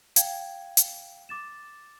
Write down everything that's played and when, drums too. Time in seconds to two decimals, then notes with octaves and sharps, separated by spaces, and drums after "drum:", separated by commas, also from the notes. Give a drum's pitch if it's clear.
0.16 F5 G5 G#6, drum: hi-hat
0.77 drum: hi-hat
1.29 D6 A6 E7